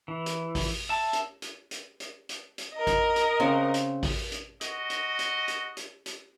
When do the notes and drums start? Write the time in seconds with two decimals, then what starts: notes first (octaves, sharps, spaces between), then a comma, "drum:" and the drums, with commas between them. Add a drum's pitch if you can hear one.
0.08 E3
0.26 drum: hi-hat
0.55 drum: kick A1, open hi-hat
0.89 E5 A5
1.13 drum: hi-hat
1.42 drum: hi-hat
1.71 drum: hi-hat
2.00 drum: hi-hat
2.29 drum: hi-hat
2.58 drum: hi-hat
2.74 A#4 D#5
2.87 drum: kick A1, hi-hat
3.16 drum: hi-hat
3.40 C#3 C4 F#5
3.74 drum: hi-hat
4.03 drum: kick A1, open hi-hat
4.32 drum: hi-hat
4.61 F#4 D#5, drum: hi-hat
4.90 drum: hi-hat
5.19 drum: hi-hat
5.48 drum: hi-hat
5.77 drum: hi-hat
6.06 drum: hi-hat